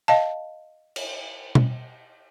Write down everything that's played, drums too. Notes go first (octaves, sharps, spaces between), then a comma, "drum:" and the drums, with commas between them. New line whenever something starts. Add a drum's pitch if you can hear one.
D#5 F5 A5
drum: cymbal
drum: tom B2